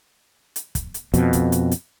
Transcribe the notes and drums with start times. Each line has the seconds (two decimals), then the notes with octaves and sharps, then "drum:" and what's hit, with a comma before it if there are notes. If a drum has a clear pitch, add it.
0.56 drum: hi-hat
0.75 drum: kick, hi-hat
0.94 drum: hi-hat
1.14 F2 B2, drum: hi-hat
1.33 drum: kick, hi-hat
1.52 drum: hi-hat
1.71 drum: hi-hat